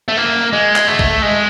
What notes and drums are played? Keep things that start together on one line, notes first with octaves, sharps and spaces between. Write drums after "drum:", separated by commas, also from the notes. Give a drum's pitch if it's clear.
A3
A#3
G#3
drum: clap
A3
drum: kick
G#3